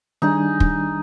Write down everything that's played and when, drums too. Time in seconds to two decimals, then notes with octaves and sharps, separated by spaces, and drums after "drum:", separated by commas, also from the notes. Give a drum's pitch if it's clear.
0.22 D#3 G3 D4 D#4 G#4
0.60 drum: kick